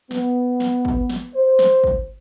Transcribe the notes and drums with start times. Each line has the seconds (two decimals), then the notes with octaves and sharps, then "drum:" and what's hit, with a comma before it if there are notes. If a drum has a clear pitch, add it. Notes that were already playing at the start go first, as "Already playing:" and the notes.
0.11 B3, drum: snare
0.60 drum: snare
0.85 drum: kick
1.10 drum: snare
1.33 C5
1.59 drum: snare
1.84 drum: kick